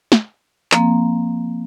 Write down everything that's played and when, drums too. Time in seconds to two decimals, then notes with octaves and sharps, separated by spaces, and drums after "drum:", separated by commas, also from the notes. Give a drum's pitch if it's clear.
0.12 drum: snare
0.72 F3 A#3 C4, drum: clap